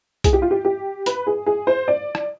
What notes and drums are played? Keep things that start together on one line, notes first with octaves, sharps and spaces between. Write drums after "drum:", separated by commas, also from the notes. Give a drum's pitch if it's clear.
G#4, drum: kick B1, hi-hat
G4
F4
G4
G4
B4, drum: hi-hat
G#4
G#4
C5
D5
drum: rim click